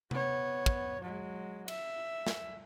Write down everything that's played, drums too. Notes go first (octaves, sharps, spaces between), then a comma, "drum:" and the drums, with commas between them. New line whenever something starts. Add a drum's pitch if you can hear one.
B3 C#5, drum: tom C3
drum: kick
F#3 G#3
E5, drum: cymbal
drum: snare